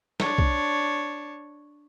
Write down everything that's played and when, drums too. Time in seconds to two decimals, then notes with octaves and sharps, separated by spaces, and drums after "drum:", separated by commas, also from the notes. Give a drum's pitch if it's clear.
0.20 D4 C#5, drum: snare
0.38 drum: kick